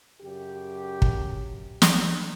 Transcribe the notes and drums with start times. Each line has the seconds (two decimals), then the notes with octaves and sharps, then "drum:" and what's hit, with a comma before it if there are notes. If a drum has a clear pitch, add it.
0.22 F#2 C#3 G4
1.02 drum: kick
1.82 drum: snare